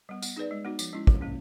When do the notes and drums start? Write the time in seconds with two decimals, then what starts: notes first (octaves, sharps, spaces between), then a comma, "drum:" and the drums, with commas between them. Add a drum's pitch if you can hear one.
0.09 G3 B3
0.22 B3, drum: tambourine
0.36 D#4 G#4 B4 D5
0.51 G#3
0.65 B3 D#4 F#4
0.79 F3, drum: tambourine
0.93 G#3 C#4 E4
1.07 F3, drum: kick
1.21 A#3 C#4